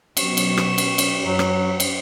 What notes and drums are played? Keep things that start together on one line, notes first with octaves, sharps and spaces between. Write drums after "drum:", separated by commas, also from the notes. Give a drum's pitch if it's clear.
B2 F#3 C#6 E7, drum: cymbal
drum: cymbal
drum: rim click
drum: cymbal
drum: cymbal
F#2 F#3
drum: rim click
drum: cymbal